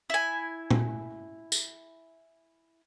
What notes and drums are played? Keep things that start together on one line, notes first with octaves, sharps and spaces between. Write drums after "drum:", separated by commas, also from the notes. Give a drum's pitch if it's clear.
E4 G#5
drum: tom A#2
drum: tambourine